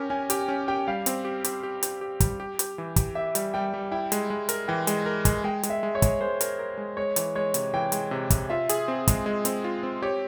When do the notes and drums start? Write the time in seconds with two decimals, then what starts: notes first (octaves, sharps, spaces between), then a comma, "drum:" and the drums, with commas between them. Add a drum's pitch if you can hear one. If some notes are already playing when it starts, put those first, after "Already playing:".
Already playing: C#4 G4 A#4
0.10 C#4 G#5
0.30 G4 G5, drum: hi-hat
0.48 C#4
0.68 G4 G5
0.87 G3 F5
1.06 C4, drum: hi-hat
1.25 G4
1.44 G4, drum: hi-hat
1.63 G4
1.83 G4, drum: hi-hat
2.01 G4
2.20 G3, drum: kick, hi-hat
2.40 G4
2.59 G4, drum: hi-hat
2.78 E3
2.96 G4, drum: kick, hi-hat
3.15 G4 E5
3.35 G3, drum: hi-hat
3.54 G3 G5
3.74 G3
3.92 E4 G5
4.12 G#3, drum: hi-hat
4.30 G#3
4.49 A#4, drum: hi-hat
4.68 E3 G5
4.87 G#3, drum: hi-hat
5.06 A#4
5.25 G#3, drum: kick, hi-hat
5.44 G#3 G5
5.63 G#3, drum: hi-hat
5.70 E5
5.83 G#3
5.95 C#5
6.02 G#3, drum: kick, hi-hat
6.21 G#3 C5
6.41 A#4, drum: hi-hat
6.59 A#4
6.78 G#3
6.97 G#3 C#5
7.16 E3, drum: hi-hat
7.35 G#3 C#5
7.54 C3, drum: hi-hat
7.74 E3 G5
7.92 G#3, drum: hi-hat
8.11 C3
8.30 C3, drum: kick, hi-hat
8.50 F4 E5
8.69 G#4, drum: hi-hat
8.88 C4
9.08 G#3, drum: kick, hi-hat
9.26 G#3
9.45 C4, drum: hi-hat
9.64 F4
9.83 C4
10.02 G4 C#5